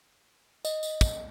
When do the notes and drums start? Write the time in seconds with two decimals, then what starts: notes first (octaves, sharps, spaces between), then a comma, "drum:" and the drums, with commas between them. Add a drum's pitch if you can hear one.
0.65 D#5, drum: tambourine
0.83 drum: tambourine
1.01 drum: kick, tambourine